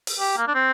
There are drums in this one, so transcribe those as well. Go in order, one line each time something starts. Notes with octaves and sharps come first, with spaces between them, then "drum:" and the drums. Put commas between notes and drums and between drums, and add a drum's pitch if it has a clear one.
drum: open hi-hat
G4
A#3
D4
C4